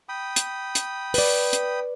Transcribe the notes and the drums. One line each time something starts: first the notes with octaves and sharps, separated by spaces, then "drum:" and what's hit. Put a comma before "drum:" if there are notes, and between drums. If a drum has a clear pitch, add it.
G5 B5 D#6
drum: hi-hat
drum: hi-hat
B4 D5, drum: open hi-hat
drum: hi-hat